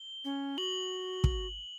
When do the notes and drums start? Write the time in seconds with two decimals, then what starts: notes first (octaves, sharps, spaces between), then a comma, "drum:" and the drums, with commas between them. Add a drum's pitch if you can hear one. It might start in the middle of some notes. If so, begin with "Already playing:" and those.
Already playing: G7
0.25 C#4
0.58 F#4 F#7
1.24 drum: kick